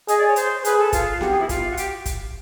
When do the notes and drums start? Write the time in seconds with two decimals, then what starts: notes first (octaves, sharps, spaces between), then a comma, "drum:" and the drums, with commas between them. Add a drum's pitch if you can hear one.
0.08 G#4 D#5, drum: hi-hat
0.18 D5
0.27 C#5
0.36 C5, drum: hi-hat
0.61 C5
0.65 G#4 B4, drum: hi-hat
0.78 A4
0.93 F4, drum: kick, hi-hat
1.21 F#4 G4, drum: snare B3
1.31 G#4
1.40 E4
1.49 F4, drum: kick, hi-hat
1.71 F#4
1.77 G4, drum: hi-hat
2.06 drum: kick, hi-hat